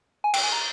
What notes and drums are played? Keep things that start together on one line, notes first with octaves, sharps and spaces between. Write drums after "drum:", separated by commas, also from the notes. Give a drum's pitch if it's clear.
G#5
G5, drum: cymbal
G#5
A#5